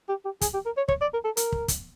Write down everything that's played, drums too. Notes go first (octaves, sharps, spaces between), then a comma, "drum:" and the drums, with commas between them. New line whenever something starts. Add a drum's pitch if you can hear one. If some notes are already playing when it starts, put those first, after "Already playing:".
G4
G4
G#4, drum: kick, hi-hat
G4
A#4
C#5
C#5, drum: kick
D5
A#4
A4
A#4, drum: hi-hat
drum: kick
drum: kick, hi-hat